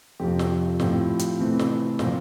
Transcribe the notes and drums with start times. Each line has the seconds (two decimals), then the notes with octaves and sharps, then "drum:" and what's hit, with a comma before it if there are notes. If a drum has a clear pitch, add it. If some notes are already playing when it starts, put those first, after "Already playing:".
0.20 F2 C3 F3 G4
0.39 drum: snare
0.80 A2 F3 C4, drum: snare
1.19 drum: hi-hat
1.39 C3 E3 A3 C4
1.59 drum: snare
1.99 A#2 F3 C4 A#4, drum: snare